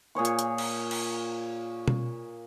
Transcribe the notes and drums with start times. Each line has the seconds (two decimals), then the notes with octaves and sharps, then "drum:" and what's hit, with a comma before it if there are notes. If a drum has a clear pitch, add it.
0.15 A#2 G#4 C#5 C#6
0.25 drum: hi-hat
0.39 drum: hi-hat
0.58 drum: cymbal
0.91 drum: cymbal
1.88 drum: tom B2